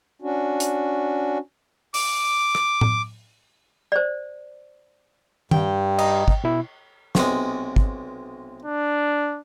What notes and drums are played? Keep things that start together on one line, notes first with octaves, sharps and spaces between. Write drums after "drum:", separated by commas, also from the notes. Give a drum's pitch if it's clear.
C#4 D4 F#4
drum: hi-hat
D6, drum: open hi-hat
drum: rim click
drum: tom A2
C5 D5
G2 G5, drum: tom D#3
D#5 A#5, drum: cymbal
drum: kick
B2 E4
B1 C3 G#3, drum: snare
drum: kick
D4